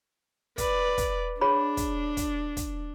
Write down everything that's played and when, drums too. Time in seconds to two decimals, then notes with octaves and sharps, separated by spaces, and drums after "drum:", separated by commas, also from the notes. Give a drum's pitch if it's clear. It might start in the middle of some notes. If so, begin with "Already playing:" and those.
0.58 B4 D5, drum: kick, hi-hat
0.98 drum: kick, hi-hat
1.41 D4 G#4 C#5 B5
1.77 drum: kick, hi-hat
2.17 drum: kick, hi-hat
2.57 drum: kick, hi-hat